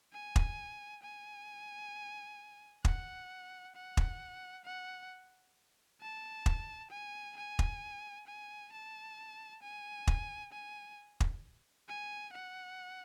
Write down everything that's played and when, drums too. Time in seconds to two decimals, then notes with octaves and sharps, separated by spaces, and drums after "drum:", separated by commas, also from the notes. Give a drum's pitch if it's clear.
0.13 G#5
0.36 drum: kick
1.03 G#5
2.85 F#5, drum: kick
3.75 F#5
3.97 drum: kick
4.65 F#5
6.01 A5
6.46 drum: kick
6.91 G#5
7.37 G#5
7.59 drum: kick
8.27 G#5
8.72 A5
9.62 G#5
10.07 drum: kick
10.53 G#5
11.20 drum: kick
11.89 G#5
12.33 F#5